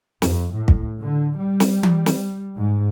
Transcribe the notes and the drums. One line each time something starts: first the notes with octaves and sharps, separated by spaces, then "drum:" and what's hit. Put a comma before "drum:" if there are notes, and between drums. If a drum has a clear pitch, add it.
F2, drum: snare
A2
drum: kick
D3
G3
drum: snare
drum: tom E3
drum: snare
G#2